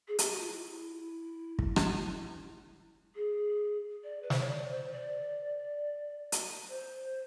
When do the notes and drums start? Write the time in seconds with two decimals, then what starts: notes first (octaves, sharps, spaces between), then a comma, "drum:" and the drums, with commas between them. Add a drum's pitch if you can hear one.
0.08 G#4
0.19 G4, drum: hi-hat
0.29 F#4
0.40 F4
0.50 E4
1.59 drum: kick
1.76 drum: rim click
3.15 G#4
4.03 D5
4.22 B4
4.30 C5, drum: snare
4.39 C#5
4.48 D5
4.70 C5
4.91 D5
6.32 drum: hi-hat
6.69 C5